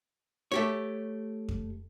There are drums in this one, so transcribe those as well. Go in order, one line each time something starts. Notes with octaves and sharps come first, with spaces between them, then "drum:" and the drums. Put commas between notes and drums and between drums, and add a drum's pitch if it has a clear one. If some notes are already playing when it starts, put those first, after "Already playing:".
A3 G4 C#5
drum: kick F2